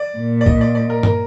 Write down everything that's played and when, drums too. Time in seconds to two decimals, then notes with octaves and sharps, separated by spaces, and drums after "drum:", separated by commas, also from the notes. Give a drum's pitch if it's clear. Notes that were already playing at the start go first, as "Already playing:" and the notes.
Already playing: D5
0.18 A#2
0.41 D5
0.46 D#5, drum: kick B1
0.61 D5
0.75 D5
0.90 A#4
1.03 A#4, drum: tom G2